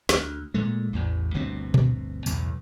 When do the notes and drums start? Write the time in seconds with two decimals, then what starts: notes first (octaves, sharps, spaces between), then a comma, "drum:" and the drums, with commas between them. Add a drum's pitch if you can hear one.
0.09 D2, drum: snare
0.54 A#2 G#3 A3
0.93 A1 E2 A2
1.34 G1 D2 B2 C4
1.74 drum: tom A#2
2.26 B1 E2 A2, drum: tambourine